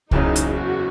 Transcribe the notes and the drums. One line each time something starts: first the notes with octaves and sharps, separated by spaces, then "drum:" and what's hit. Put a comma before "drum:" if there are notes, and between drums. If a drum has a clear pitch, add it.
F#1 E2 C#3 F#3 C#4 D#4, drum: kick C2
drum: hi-hat
F#4